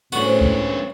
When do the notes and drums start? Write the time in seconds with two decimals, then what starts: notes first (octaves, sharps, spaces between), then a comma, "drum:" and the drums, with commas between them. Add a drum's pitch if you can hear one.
0.12 A2 D3 G#3 B3 C#4 F#4 C5
0.41 drum: kick C#2